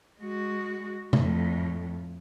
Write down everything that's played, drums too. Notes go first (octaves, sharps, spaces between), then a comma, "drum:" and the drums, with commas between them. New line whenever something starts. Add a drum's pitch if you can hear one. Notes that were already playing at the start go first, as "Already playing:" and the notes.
G#3 F#4
F2 A2, drum: tom C3